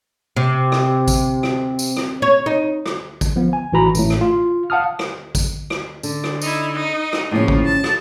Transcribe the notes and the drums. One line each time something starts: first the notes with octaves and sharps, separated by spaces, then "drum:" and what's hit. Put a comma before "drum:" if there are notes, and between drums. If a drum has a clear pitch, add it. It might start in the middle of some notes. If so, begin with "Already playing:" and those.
C3
drum: rim click
drum: kick, tambourine
drum: rim click
drum: tambourine
drum: rim click
C#5
D#4
drum: rim click
drum: kick, tambourine
F3 B3
G#5
A1 E3 F#4 A#5 B5
A1 A2, drum: tambourine
drum: rim click
F4
F5 F#5 A5 D#6 F6
drum: rim click
drum: kick, tambourine
drum: rim click
D3, drum: tambourine
drum: rim click
D#4 E4, drum: tambourine
D#4
drum: rim click
A2 C#3 F3 A#3
drum: kick
A5
drum: rim click